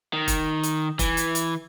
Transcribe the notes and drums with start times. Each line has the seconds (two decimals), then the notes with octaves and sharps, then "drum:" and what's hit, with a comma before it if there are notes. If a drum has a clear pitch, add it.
0.13 D#3
0.28 drum: kick, hi-hat
0.63 drum: hi-hat
0.99 E3, drum: kick, hi-hat
1.17 drum: hi-hat
1.35 drum: hi-hat